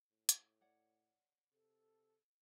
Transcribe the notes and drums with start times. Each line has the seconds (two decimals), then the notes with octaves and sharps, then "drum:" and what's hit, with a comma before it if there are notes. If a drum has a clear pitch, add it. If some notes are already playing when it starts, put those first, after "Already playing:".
0.11 A2
0.29 drum: hi-hat
0.61 C#5 D5 F#5
1.52 C3 A4